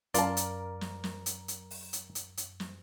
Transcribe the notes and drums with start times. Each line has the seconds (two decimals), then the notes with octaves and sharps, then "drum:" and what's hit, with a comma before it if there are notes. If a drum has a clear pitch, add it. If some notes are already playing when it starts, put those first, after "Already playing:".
0.14 F#2 F4 A#4 D5 A5, drum: hi-hat
0.37 drum: hi-hat
0.81 drum: snare
1.04 drum: snare
1.26 drum: hi-hat
1.48 drum: hi-hat
1.70 drum: open hi-hat
1.93 drum: hi-hat
2.15 drum: hi-hat
2.37 drum: hi-hat
2.60 drum: snare